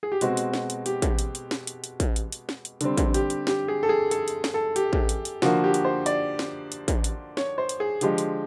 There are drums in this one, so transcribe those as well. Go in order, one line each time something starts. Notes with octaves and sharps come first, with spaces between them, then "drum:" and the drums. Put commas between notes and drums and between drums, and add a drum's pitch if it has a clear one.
G#4
G4
B2 G#3 C4 F#4, drum: hi-hat
drum: hi-hat
drum: snare
drum: hi-hat
G4, drum: hi-hat
drum: kick A1, hi-hat
drum: hi-hat
drum: hi-hat
drum: snare
drum: hi-hat
drum: hi-hat
drum: kick A1, hi-hat
drum: hi-hat
drum: hi-hat
drum: snare
drum: hi-hat
D3 G3 C4, drum: hi-hat
drum: kick A1, hi-hat
G4, drum: hi-hat
drum: hi-hat
G4, drum: snare
G#4
A4
G#4
A4, drum: hi-hat
drum: hi-hat
drum: snare
A4
G4, drum: hi-hat
drum: kick A1
drum: hi-hat
drum: hi-hat
D3 F3 A#3 F#4, drum: snare
G4
drum: hi-hat
C5
D5, drum: hi-hat
drum: snare
drum: hi-hat
drum: kick A1, hi-hat
drum: hi-hat
C#5, drum: snare
C5
drum: hi-hat
G#4
D3 F3 G#3 G4, drum: hi-hat
drum: hi-hat